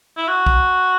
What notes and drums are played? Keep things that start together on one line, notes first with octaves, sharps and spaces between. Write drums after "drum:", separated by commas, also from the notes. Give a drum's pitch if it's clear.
E4
F#4
drum: kick